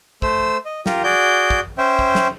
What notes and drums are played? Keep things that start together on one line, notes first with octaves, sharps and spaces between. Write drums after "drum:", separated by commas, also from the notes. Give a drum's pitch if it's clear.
A3 C5 E6, drum: kick
D#5
F4 G4 A#4, drum: snare
F#4 G#4 D5 G6
drum: kick
C#4 C5 E5 G5
drum: kick
drum: snare